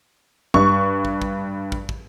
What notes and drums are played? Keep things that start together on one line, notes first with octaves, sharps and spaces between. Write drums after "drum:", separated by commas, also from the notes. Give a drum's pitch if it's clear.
G2 C#6, drum: kick
drum: kick
drum: kick
drum: kick
drum: kick